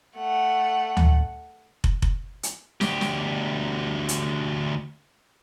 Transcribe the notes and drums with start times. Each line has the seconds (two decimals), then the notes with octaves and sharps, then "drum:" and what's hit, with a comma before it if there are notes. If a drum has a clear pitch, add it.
0.17 A3 F#5
0.97 drum: tom D2
1.84 drum: kick
2.02 drum: kick
2.43 drum: hi-hat
2.81 D2 G4, drum: snare
3.01 drum: snare
4.09 drum: hi-hat